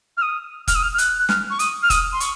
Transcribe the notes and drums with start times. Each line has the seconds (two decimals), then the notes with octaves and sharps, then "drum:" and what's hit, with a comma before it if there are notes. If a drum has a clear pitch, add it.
0.17 F6
0.22 D#6
0.68 F6, drum: kick F1, hi-hat
0.75 D#6
0.83 F6
0.94 F6
0.98 F#6, drum: hi-hat
1.19 F#6
1.29 F6, drum: snare
1.50 C#6
1.59 D#6, drum: hi-hat
1.83 F6
1.90 D#6, drum: kick F1, hi-hat
2.13 C6
2.20 C#6, drum: hi-hat